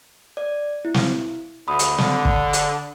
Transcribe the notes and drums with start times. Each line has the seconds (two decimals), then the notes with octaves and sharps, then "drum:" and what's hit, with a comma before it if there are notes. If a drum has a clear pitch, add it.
0.37 D5
0.85 E4
0.94 drum: snare
1.68 D2 B5 D#6
1.79 drum: hi-hat
1.98 D3, drum: snare
2.25 drum: kick
2.53 drum: hi-hat